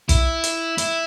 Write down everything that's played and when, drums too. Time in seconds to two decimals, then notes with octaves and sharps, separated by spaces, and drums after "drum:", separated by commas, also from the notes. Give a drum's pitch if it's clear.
0.09 E4, drum: kick, hi-hat
0.44 drum: hi-hat
0.78 E4, drum: hi-hat